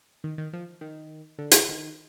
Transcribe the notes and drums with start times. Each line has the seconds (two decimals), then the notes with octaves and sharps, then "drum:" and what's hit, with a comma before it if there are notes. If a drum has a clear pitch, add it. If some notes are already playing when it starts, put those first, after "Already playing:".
0.24 D#3
0.38 D#3
0.53 F3
0.81 D#3
1.38 D3
1.51 drum: hi-hat
1.68 D#3